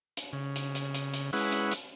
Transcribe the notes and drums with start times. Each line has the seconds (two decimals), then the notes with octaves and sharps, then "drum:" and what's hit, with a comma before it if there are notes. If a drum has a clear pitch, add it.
0.17 drum: hi-hat
0.33 C#3
0.56 drum: hi-hat
0.75 drum: hi-hat
0.94 drum: hi-hat
1.14 drum: hi-hat
1.33 G#3 C#4 E4 B4 F#5, drum: open hi-hat
1.52 drum: hi-hat
1.71 drum: hi-hat